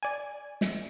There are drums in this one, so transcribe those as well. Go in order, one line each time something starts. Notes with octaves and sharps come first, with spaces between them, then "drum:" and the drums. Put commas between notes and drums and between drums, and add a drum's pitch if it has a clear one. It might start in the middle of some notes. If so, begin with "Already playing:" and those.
D5 G#5
drum: snare